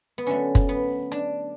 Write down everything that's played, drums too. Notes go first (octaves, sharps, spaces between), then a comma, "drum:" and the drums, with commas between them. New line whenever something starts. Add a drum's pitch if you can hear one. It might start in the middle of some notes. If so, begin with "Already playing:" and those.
B3
D3 F#3 A3 C#4
drum: kick, hi-hat
B3
D4, drum: hi-hat